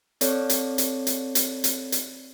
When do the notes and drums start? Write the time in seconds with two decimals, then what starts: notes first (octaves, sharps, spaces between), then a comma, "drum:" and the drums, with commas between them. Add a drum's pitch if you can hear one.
0.21 C4 A4 C#5 D5, drum: hi-hat
0.50 drum: hi-hat
0.78 drum: hi-hat
1.07 drum: hi-hat
1.35 drum: hi-hat
1.64 drum: hi-hat
1.92 drum: hi-hat